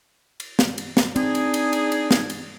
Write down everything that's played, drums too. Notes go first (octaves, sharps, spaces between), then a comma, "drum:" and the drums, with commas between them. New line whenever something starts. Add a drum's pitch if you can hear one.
drum: cymbal
drum: snare
drum: cymbal
drum: snare
C4 D4 D#4 G#4, drum: cymbal
drum: cymbal
drum: cymbal
drum: cymbal
drum: cymbal
drum: snare
drum: cymbal